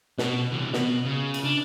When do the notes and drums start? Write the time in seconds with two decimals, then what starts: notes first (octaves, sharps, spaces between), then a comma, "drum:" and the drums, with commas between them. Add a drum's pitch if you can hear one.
0.18 B2, drum: snare
0.52 C3 E3
0.73 B2 B3, drum: snare
1.05 C#3
1.34 drum: cymbal
1.44 D4